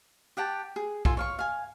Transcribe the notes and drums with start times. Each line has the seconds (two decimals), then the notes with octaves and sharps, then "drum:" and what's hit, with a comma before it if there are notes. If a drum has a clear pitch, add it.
0.37 G4 F#5 G5 A5
0.76 G#4
1.05 F4 A4 G#5 A5, drum: kick
1.17 C#5 F5 C#6
1.39 F5 G#5